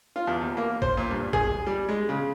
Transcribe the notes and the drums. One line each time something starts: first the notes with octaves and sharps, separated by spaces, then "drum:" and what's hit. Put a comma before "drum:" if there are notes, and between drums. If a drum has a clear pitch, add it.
F4
E2
D#2
A#3
C5, drum: kick
A#2
G2
G#4, drum: kick
G3
G#3
C#3